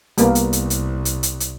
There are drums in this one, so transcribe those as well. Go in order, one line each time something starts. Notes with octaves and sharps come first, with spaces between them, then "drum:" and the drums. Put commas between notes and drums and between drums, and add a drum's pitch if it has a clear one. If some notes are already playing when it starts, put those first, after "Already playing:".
C2 G3 A#3 B3, drum: hi-hat
drum: hi-hat
drum: hi-hat
drum: hi-hat
drum: hi-hat
drum: hi-hat
drum: hi-hat